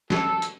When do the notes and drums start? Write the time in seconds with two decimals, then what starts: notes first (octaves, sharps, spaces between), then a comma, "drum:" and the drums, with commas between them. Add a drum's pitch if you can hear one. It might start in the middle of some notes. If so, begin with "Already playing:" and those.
0.10 A4, drum: snare
0.42 drum: hi-hat